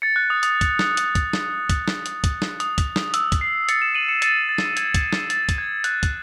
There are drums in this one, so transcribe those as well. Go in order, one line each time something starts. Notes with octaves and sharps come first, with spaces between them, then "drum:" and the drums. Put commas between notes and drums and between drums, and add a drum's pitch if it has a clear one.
A6 C#7
F#6
D#6
D#6, drum: hi-hat
drum: kick, hi-hat
drum: snare
drum: hi-hat
drum: kick, hi-hat
drum: snare
drum: kick, hi-hat
drum: snare
drum: hi-hat
drum: kick, hi-hat
drum: snare
D#6, drum: hi-hat
drum: kick, hi-hat
drum: snare
E6, drum: hi-hat
drum: kick, hi-hat
C7
A6 C#7, drum: hi-hat
C#7 E7
D#7 F#7
C#7 E7
A6 C#7, drum: hi-hat
A6
drum: snare
G#6, drum: hi-hat
drum: kick, hi-hat
drum: snare
A6, drum: hi-hat
drum: kick, hi-hat
G#6
F#6, drum: hi-hat
drum: kick, hi-hat